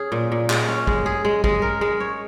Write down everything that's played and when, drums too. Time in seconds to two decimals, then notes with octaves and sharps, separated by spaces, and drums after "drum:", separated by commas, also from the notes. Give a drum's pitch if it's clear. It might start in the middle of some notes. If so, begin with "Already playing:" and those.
Already playing: C#4 G#4
0.12 A#2
0.32 A#2
0.50 G#3, drum: clap
0.68 C#4
0.87 G#3, drum: kick
1.06 G#4
1.25 G#3
1.44 G#3, drum: kick
1.62 A#4
1.81 G#3
2.00 C#5